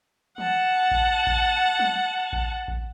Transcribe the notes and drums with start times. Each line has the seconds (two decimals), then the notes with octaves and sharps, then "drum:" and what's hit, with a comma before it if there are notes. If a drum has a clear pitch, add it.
0.38 F#5 A5, drum: tom
0.91 drum: kick A1
1.27 drum: kick A1
1.80 drum: tom
2.33 drum: kick A1
2.68 drum: kick A1